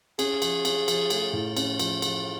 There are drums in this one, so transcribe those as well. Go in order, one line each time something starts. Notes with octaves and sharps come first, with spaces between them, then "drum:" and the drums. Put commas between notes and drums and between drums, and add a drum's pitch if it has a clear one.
C#4 G#4, drum: cymbal
F3, drum: cymbal
C#4, drum: cymbal
F3, drum: cymbal
A3, drum: cymbal
A2
C#4, drum: cymbal
F3, drum: cymbal
F3, drum: cymbal